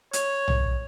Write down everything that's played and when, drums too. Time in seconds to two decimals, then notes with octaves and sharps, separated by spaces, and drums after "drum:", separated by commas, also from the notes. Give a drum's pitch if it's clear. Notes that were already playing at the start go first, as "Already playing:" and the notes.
0.13 C#5, drum: hi-hat
0.48 drum: tom B1